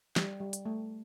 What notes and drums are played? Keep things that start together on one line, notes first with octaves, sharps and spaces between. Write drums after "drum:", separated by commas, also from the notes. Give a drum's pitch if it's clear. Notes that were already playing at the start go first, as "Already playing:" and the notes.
G3, drum: snare
G3
drum: hi-hat
A3